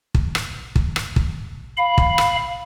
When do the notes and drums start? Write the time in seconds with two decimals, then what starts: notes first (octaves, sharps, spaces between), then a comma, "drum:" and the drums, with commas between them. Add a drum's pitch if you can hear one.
0.15 drum: kick
0.35 drum: rim click
0.76 drum: kick
0.96 drum: rim click
1.16 drum: kick
1.77 F5 B5
1.98 drum: kick
2.18 drum: rim click